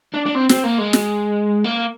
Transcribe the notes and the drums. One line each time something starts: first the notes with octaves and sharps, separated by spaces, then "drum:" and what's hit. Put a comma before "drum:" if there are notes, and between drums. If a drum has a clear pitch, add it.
D4
D4
C4
C4, drum: snare
A#3
G#3
drum: snare
A#3